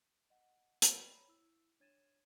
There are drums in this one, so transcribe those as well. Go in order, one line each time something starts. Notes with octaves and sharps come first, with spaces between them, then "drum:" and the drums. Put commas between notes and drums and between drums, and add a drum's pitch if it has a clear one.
D#5 F#5
drum: hi-hat
A4 C5 D5 D#5 G5 B5
C#5 A#5 B5
E4 E6
D4 C#5 G#6 A6 D#7 E7